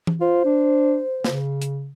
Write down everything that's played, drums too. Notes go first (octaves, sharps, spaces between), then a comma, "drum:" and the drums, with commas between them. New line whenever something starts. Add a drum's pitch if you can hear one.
drum: tom E3
F4 C5
D4
C#3, drum: snare
drum: hi-hat